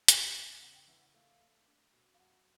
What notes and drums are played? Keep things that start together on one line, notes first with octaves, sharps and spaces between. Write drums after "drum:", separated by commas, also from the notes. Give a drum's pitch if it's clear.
C#3 G5, drum: hi-hat
E2
C#3 F#5
G5
E3 F#5
F#5
A3 F5
A3
D4
B2
F5
F#2 F#5